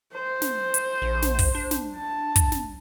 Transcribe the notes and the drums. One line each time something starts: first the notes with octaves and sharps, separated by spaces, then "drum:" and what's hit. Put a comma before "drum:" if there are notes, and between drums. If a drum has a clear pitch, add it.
C5
drum: snare
drum: hi-hat
A#1
drum: snare
drum: kick, open hi-hat
D4
drum: snare
A5
drum: kick, hi-hat
drum: snare